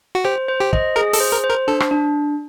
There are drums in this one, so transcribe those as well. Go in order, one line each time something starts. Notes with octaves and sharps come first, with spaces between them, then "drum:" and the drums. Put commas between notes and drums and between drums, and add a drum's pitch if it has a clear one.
F#4
G4 C5
C5
G4
D#5, drum: kick
G#4 A#4
A4, drum: open hi-hat
C5
A#4
C5
A#4
D4 A4
drum: rim click
D4